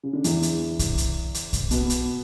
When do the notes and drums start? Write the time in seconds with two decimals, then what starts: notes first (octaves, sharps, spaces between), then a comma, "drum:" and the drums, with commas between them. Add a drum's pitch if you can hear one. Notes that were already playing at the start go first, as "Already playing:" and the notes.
0.03 C#3
0.13 D3
0.24 E2 E3, drum: hi-hat
0.43 drum: hi-hat
0.79 drum: kick B1, hi-hat
0.98 drum: hi-hat
1.34 drum: hi-hat
1.53 drum: kick B1, hi-hat
1.71 B2 B3, drum: hi-hat
1.90 drum: hi-hat